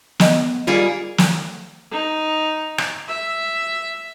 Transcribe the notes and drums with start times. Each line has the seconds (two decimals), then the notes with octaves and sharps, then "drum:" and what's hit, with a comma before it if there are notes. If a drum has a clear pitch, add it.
0.20 B3 D#5, drum: snare
0.67 G3 A#3 F4 G#4
1.18 drum: snare
1.92 D#4
2.78 drum: rim click
3.08 E5